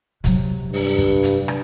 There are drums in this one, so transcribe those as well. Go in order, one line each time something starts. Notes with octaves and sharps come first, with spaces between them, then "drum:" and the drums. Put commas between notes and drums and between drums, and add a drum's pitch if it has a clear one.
C3 F#3, drum: hi-hat
G2, drum: open hi-hat
drum: kick
drum: hi-hat
drum: rim click